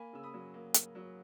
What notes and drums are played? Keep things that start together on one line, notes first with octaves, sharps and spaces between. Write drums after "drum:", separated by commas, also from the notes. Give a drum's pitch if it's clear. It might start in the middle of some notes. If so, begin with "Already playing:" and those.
Already playing: A#3 G#5 B5
C#3 E6
B5 D#6
F#3
A#3
A#3, drum: hi-hat
F#3